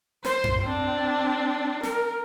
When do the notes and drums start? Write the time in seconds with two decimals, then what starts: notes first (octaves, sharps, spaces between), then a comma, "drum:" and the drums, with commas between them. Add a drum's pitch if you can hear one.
0.24 C5, drum: snare
0.44 drum: tom F#2
0.63 C4 D4
1.83 A#4, drum: snare